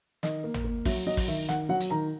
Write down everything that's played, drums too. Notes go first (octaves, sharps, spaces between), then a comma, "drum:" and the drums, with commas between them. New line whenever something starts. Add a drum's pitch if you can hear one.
D#3 D#5, drum: snare
A#3
drum: tom
A#3
F#3 E5, drum: kick, open hi-hat
F#3 D#5
drum: kick, open hi-hat
D#3 E5
D#3 F#5, drum: snare
F#3 F#5
drum: hi-hat
D#3 A#5